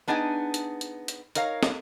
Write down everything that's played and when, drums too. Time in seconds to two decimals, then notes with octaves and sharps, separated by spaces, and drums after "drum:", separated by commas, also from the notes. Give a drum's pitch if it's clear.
0.08 B3 D4 D#4 G#4 F#5 G#5
0.54 drum: hi-hat
0.81 drum: hi-hat
1.08 drum: hi-hat
1.35 D#4 A#4 C#5 F5, drum: hi-hat
1.63 drum: snare